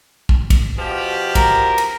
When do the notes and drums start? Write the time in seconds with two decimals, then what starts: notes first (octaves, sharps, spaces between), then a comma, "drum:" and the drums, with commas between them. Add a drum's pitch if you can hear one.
0.29 drum: kick
0.50 drum: kick, cymbal
0.78 B2 F3 G4
1.35 A#4, drum: kick, cymbal
1.78 drum: cymbal